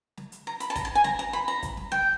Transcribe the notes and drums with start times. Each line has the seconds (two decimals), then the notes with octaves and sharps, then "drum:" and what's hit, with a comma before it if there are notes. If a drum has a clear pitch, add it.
0.17 drum: snare
0.32 drum: hi-hat
0.47 A#5
0.60 B5, drum: hi-hat
0.70 A5
0.76 A#5, drum: kick, hi-hat
0.85 A5
0.95 G#5
1.04 A#5, drum: snare
1.19 A#5
1.33 B5
1.48 A#5
1.63 drum: kick, hi-hat
1.77 drum: snare
1.92 G5, drum: snare